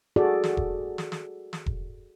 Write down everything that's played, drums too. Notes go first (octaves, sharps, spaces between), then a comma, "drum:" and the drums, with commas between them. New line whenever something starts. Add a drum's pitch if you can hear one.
F#4 G#4 A4 D5
drum: snare
drum: kick E1
drum: snare
drum: snare
drum: snare
drum: kick E1